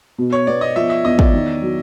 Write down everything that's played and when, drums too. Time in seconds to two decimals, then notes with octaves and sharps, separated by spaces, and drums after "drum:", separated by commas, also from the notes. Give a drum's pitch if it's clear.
0.18 B2
0.32 C#5
0.47 B3 D5
0.61 D#5
0.76 F3 E5
0.90 E5
1.05 E2 D#5
1.19 D5, drum: kick
1.33 D#3
1.62 F#3